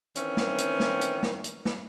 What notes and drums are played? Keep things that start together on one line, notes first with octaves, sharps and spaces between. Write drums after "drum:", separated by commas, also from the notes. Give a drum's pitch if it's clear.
D#3 E3 C4 C#4, drum: hi-hat
drum: snare
drum: hi-hat
drum: snare
drum: hi-hat
drum: snare
drum: hi-hat
drum: snare